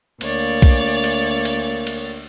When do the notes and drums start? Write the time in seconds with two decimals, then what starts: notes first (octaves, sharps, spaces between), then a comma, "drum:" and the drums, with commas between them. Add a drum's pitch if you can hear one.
0.21 D2 A#3 C#5 D5, drum: cymbal
0.62 drum: kick B1, cymbal
1.04 drum: cymbal
1.45 drum: cymbal
1.87 drum: cymbal